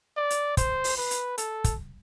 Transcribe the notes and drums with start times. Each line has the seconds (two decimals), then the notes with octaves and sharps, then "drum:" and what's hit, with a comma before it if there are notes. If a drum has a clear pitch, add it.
0.17 D5
0.30 drum: hi-hat
0.57 C5, drum: kick, hi-hat
0.84 drum: open hi-hat
0.98 B4
1.11 drum: hi-hat
1.38 A4, drum: hi-hat
1.64 drum: kick, hi-hat